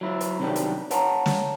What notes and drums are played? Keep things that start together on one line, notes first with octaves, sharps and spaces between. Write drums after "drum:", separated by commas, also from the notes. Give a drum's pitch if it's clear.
F#3 E4 F4
drum: hi-hat
C3 D#3 F3 F#3 D4 G4
drum: hi-hat
C#5 F#5 A5 A#5, drum: hi-hat
drum: snare